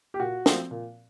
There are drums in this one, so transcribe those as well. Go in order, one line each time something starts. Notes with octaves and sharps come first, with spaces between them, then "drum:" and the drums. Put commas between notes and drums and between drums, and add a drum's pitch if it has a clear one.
G4
A#2 F#4
F3 A3 C4, drum: snare
A#2